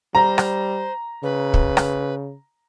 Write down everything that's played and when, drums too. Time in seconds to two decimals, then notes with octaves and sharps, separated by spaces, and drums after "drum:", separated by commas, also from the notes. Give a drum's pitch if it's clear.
0.15 G3 C5 A#5
0.38 drum: rim click
1.23 C#3 B4
1.54 drum: kick
1.77 drum: rim click